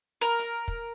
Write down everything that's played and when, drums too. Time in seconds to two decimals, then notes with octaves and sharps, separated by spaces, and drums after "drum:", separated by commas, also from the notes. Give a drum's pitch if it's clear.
0.21 A#4, drum: hi-hat
0.39 drum: hi-hat
0.68 drum: kick